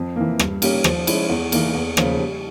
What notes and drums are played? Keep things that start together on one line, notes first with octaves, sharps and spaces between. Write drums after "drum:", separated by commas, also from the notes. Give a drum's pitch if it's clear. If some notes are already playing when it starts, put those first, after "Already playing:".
Already playing: F2
E3 A#3
G2, drum: rim click
G3 A#3 C#4 G4, drum: cymbal
F3, drum: rim click
G#3 C#4 E4, drum: cymbal
E2
E3 A#3, drum: cymbal
E2
C#3 F3 A#3, drum: rim click
G3